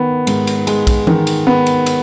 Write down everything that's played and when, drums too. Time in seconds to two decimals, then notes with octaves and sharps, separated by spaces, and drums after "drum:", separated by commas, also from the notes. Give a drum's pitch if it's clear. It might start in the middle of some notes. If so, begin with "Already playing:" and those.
Already playing: D#3 B3
0.27 G#2, drum: cymbal
0.47 drum: cymbal
0.67 G#3, drum: cymbal
0.87 drum: kick, cymbal
1.07 D#3, drum: tom E3
1.27 drum: cymbal
1.47 B3
1.66 drum: cymbal
1.86 drum: cymbal